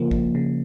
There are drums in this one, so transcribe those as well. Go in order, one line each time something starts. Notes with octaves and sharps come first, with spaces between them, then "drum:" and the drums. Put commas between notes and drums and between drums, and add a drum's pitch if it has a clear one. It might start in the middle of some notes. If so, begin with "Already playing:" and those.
Already playing: C#3 F3 A#3
drum: kick
C#3